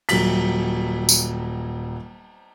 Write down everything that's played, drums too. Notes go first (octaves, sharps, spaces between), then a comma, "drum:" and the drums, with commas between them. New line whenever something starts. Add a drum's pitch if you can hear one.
D#1 F#3 B6, drum: cymbal
drum: tambourine